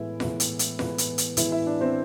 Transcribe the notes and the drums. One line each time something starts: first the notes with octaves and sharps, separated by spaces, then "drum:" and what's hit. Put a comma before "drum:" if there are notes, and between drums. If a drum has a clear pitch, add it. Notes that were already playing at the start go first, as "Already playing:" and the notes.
Already playing: A2 E3 G#3 B3 E4
A2 E3 G#3 B3, drum: snare F4
drum: hi-hat
drum: hi-hat
A2 E3 G#3 B3, drum: snare F4
drum: hi-hat
drum: hi-hat
A2 E3 G#3 B3 E4 E5, drum: hi-hat
E4 E5
D4 D5
C4 C5